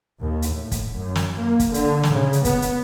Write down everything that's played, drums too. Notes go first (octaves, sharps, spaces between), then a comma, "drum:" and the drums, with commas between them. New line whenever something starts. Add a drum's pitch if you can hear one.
D#2
drum: hi-hat
A2
drum: kick, hi-hat
F#2
drum: snare
A#3
drum: kick, hi-hat
D3, drum: hi-hat
drum: snare
C#3
drum: hi-hat
B3, drum: kick, hi-hat
drum: hi-hat